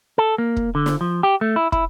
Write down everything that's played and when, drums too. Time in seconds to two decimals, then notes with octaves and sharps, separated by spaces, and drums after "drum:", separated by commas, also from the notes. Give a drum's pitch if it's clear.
0.18 A4
0.38 A#3
0.56 drum: kick
0.75 D3
0.86 drum: snare
1.01 F3
1.23 G4
1.41 A3
1.56 E4
1.72 E4, drum: kick